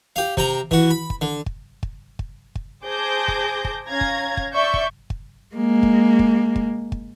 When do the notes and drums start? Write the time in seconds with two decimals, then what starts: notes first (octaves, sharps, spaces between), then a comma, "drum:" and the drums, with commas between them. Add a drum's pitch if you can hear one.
0.16 G4 F5
0.37 C3 G5 A#5, drum: kick
0.71 E3 F#4, drum: kick
0.91 B5
1.10 drum: kick
1.21 D3
1.46 drum: kick
1.83 drum: kick
2.19 drum: kick
2.55 drum: kick
2.84 G#4 C5 A5 D6 G6 A#6
3.28 drum: kick
3.65 drum: kick
3.87 C#4 F5 A#5 G#6 A#6
4.01 drum: kick
4.37 drum: kick
4.54 D5 E5 C#6 G6
4.74 drum: kick
5.10 drum: kick
5.55 G#3 A#3
5.83 drum: kick
6.19 drum: kick
6.56 drum: kick
6.92 drum: kick